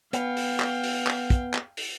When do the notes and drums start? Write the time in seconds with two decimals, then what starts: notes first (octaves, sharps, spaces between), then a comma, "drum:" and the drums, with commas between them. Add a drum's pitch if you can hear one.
0.13 B3 F5 G5, drum: hi-hat
0.37 drum: open hi-hat
0.60 drum: clap
0.84 drum: open hi-hat
1.07 drum: clap
1.30 drum: kick, hi-hat
1.54 drum: clap
1.77 drum: open hi-hat